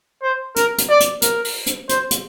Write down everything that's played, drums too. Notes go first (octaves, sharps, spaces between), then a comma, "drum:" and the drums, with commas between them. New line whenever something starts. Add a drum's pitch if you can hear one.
C5
A#4, drum: hi-hat
drum: hi-hat
D5
drum: hi-hat
A#4, drum: hi-hat
drum: open hi-hat
drum: hi-hat
C5, drum: hi-hat
drum: hi-hat